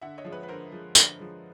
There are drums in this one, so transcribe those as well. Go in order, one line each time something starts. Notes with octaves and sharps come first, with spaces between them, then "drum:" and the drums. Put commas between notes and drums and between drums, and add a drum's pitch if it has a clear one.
D3 E5 F#5
C#5 D#5
F3 G#3
B4 C#5
B4
D3 A#4 C5
F3 G#3
D3, drum: tambourine
F3 G#3